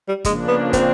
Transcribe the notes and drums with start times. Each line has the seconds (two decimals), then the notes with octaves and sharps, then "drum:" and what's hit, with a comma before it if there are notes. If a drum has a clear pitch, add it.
0.08 G3
0.25 C#3 F3 G#3 A#3 D4, drum: kick, hi-hat
0.48 B3
0.73 C4, drum: kick, hi-hat